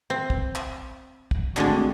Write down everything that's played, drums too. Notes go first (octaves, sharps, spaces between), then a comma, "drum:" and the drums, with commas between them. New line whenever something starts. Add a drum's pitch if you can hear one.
C4
drum: kick
drum: clap
drum: kick
D3 G#3 A3 C4 D4 F#4, drum: clap